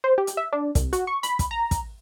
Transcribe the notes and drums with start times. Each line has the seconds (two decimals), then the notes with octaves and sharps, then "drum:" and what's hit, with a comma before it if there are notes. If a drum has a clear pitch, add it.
0.04 C5
0.18 G4
0.27 drum: hi-hat
0.37 E5
0.53 D4
0.75 C2, drum: kick, hi-hat
0.93 F#4, drum: hi-hat
1.07 C#6
1.23 B5, drum: hi-hat
1.39 drum: kick, hi-hat
1.51 A#5
1.71 drum: kick, hi-hat